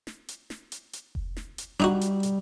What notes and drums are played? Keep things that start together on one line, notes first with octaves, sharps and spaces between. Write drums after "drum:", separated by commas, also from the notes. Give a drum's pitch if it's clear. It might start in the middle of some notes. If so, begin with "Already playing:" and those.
drum: snare
drum: hi-hat
drum: snare
drum: hi-hat
drum: hi-hat
drum: kick F1
drum: snare
drum: hi-hat
G3 D4 D#4 F#4, drum: snare
drum: hi-hat
drum: hi-hat